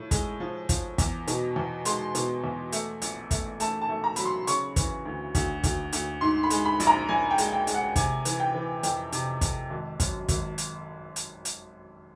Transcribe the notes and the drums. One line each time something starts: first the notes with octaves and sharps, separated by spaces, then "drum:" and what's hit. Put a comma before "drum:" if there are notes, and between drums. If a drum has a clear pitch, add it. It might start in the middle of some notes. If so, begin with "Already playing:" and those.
Already playing: A2 F3
G#3, drum: kick, hi-hat
F3
F3, drum: kick, hi-hat
E2, drum: kick, hi-hat
B2, drum: hi-hat
E2
G#3 C6, drum: hi-hat
B2, drum: hi-hat
E2
A3, drum: hi-hat
A#1, drum: hi-hat
A3, drum: kick, hi-hat
A3 A5, drum: hi-hat
A5
A3
A#5
F#3 B5, drum: hi-hat
C6
C#3 C#6, drum: hi-hat
E3, drum: kick, hi-hat
D2
D2, drum: kick, hi-hat
D2, drum: kick, hi-hat
D2, drum: hi-hat
G#2 C6
B5
G#3, drum: hi-hat
B5
A#1, drum: hi-hat
A#5
A#1 G#5
G5
G#3, drum: hi-hat
G5
G#3, drum: hi-hat
F#5
C3 G#5, drum: kick, hi-hat
E3, drum: hi-hat
G5
E3
F2 G5, drum: hi-hat
C3, drum: hi-hat
F2, drum: kick, hi-hat
G#1
F#2, drum: kick, hi-hat
G#1, drum: kick, hi-hat
drum: hi-hat
drum: hi-hat
drum: hi-hat